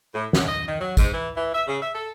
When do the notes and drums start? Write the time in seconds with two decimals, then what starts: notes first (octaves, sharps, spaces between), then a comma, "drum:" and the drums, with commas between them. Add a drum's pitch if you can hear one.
0.14 A2
0.33 F#2, drum: snare
0.48 D#5
0.68 D#3
0.80 F#3
0.97 G#2, drum: kick, tambourine
1.14 E3
1.36 E3
1.53 E5
1.68 C#3
1.82 E5
1.94 A4